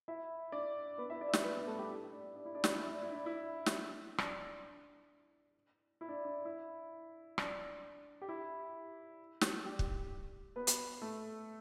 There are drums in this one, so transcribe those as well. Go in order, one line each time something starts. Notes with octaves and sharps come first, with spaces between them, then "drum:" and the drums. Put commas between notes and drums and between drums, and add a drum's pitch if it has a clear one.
E4 E5
D4 D5
B3 B4
E4 E5
D4 D5
E5
D4 D5, drum: snare
B3 B4
B3 B4
A3 A4
G3 G4
E4
D4
D4
E4
D4
E4, drum: snare
D4
E4
D4
E4
D4
E4
drum: snare
D4, drum: rim click
E4
D4
D4
E4
D4, drum: rim click
G4
E4
drum: snare
G3 G4
drum: kick
B3 B4
drum: hi-hat
A3 A4